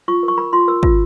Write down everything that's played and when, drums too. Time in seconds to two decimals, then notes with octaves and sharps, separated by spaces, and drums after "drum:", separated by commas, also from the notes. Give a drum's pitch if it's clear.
0.08 F4 C#6
0.23 A#4
0.28 C#6
0.38 A#4 B5
0.53 F4 C6
0.68 A#4 E6
0.83 F4, drum: kick